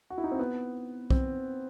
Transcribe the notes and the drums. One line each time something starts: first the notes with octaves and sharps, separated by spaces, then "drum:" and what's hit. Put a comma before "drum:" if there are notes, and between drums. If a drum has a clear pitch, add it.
F#4
E4
D#4
C4
B3
C4, drum: kick B1